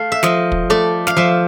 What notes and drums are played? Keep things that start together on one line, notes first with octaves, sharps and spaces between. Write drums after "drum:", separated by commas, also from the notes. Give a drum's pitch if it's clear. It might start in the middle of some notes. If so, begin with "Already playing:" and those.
Already playing: A3 F5
E5
F3 D#5, drum: snare
drum: kick
A3 D5
F5, drum: snare
F3 E5